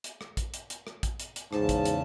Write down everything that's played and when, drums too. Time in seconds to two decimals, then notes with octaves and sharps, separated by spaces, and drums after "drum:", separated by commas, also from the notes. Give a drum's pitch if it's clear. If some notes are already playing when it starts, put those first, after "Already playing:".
0.04 drum: hi-hat
0.21 drum: rim click
0.37 drum: kick, hi-hat
0.54 drum: hi-hat
0.70 drum: hi-hat
0.87 drum: rim click
1.03 drum: kick, hi-hat
1.20 drum: hi-hat
1.36 drum: hi-hat
1.53 E2 G#2 C#3 A5, drum: rim click
1.69 drum: kick, hi-hat
1.85 drum: hi-hat